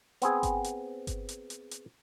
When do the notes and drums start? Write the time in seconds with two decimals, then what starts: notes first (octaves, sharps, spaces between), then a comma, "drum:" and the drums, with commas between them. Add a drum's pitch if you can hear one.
0.22 B3 C4 G#4, drum: hi-hat
0.43 drum: kick G1, hi-hat
0.64 drum: hi-hat
1.07 drum: kick G1, hi-hat
1.29 drum: hi-hat
1.50 drum: hi-hat
1.71 drum: hi-hat